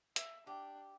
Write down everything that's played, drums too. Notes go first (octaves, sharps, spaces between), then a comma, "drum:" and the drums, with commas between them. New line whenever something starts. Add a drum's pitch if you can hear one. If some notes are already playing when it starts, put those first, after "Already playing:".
E5, drum: hi-hat
D4 G4